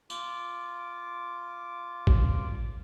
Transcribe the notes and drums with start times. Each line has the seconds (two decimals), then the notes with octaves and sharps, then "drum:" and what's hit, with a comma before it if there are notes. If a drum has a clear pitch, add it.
0.10 F4 D6, drum: tambourine
2.07 drum: kick A1